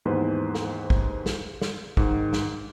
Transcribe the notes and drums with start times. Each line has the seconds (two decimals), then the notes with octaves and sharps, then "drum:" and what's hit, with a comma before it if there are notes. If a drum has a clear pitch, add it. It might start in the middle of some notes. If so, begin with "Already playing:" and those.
0.05 D#2 G#2 E3 B3 B4 C5
0.55 drum: snare
0.90 drum: kick
1.26 drum: snare
1.61 drum: snare
1.97 G#2 D#3, drum: kick
2.33 drum: snare